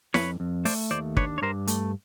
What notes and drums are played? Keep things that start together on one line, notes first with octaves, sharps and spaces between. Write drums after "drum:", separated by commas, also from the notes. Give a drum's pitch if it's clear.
F2 B4 C#5, drum: snare E4
F2
A3 C5 D5, drum: open hi-hat
D#2 C5 D5
D4 B4 C#5, drum: kick
C#5
G2 A#4 C5
A3, drum: hi-hat